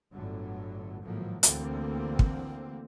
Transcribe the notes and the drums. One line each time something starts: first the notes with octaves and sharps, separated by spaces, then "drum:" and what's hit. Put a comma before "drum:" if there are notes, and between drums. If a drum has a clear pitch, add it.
G1 A2 D3 F#3
G#1 A2 F3 F#3 A#3
D2 D3 E3 A#3 C4, drum: hi-hat
drum: kick